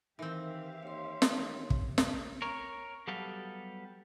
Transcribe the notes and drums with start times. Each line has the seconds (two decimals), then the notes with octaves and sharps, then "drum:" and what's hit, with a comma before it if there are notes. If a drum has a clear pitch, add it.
0.19 D#3 E3 C4 G4 A#4 E5 F5
0.83 D#2 C#5 C6
1.22 drum: snare
1.32 D#2
1.70 drum: kick
1.98 drum: snare
2.42 A#4 C#5
3.07 F#3 G3 B3 G4 A4 F5